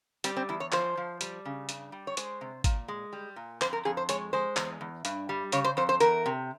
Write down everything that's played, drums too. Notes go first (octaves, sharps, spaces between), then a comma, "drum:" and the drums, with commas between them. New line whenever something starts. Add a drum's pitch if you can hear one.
G3 C4, drum: hi-hat
C4
E2 E4
C#5
F3 C5, drum: clap
F3
G3, drum: hi-hat
C#3
G2, drum: hi-hat
G3
C#5
G#3 C5, drum: hi-hat
C3
A#2, drum: kick G#1, hi-hat
G#3
G3
A#2
F2 C5, drum: clap
A#4
F2 G#4
C5
G#3 C#5, drum: hi-hat
G#3 C5
E2, drum: clap
E2
G2, drum: hi-hat
G3
C#3 C#5, drum: hi-hat
C5
F2 C5
C5
E2 A#4, drum: hi-hat
C3